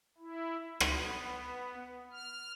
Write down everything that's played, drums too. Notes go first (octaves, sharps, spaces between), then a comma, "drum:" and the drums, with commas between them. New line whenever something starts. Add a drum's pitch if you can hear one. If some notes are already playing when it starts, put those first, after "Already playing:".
E4
B3, drum: rim click
F6